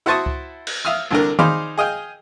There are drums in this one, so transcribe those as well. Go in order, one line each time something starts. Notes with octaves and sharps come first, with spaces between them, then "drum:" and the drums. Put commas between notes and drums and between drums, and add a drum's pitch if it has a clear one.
E4 F#4 C5 A5 C#6 D#6
drum: kick C#2
drum: cymbal
E5 F5 D#6 F6
C2 D3 D4 A#4
D#4 G#4 C5 D5 F5 B5, drum: tom D#3
G#4 D#5 F5 G5